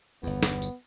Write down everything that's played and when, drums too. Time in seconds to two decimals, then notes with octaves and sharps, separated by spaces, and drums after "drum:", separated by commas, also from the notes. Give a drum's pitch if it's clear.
0.23 G1 E2 B3
0.43 drum: snare
0.62 drum: tambourine